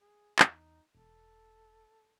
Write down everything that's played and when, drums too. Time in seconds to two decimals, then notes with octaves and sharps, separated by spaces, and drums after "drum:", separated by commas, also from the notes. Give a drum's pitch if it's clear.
0.01 G#4
0.39 E2 D#4, drum: clap
0.95 E1 A4